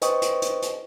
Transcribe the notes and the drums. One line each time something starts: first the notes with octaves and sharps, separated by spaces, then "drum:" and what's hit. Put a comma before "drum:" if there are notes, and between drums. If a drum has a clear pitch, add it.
B4 C5 D#5 G5 C#6 D#6, drum: hi-hat
drum: hi-hat
drum: hi-hat
drum: hi-hat